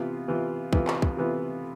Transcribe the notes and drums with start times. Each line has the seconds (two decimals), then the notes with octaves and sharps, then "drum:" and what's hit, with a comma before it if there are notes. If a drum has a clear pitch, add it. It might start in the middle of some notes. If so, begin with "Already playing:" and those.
Already playing: C3 E3 B3 F4
0.28 C3 E3 B3 F4
0.73 C3 E3 B3 F4, drum: kick
0.87 drum: clap
1.02 drum: kick
1.17 C3 E3 B3 F4